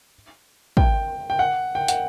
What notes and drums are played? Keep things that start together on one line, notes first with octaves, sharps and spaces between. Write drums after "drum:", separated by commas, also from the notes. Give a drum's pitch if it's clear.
G5, drum: kick
G5
F#5
G5
F#5, drum: hi-hat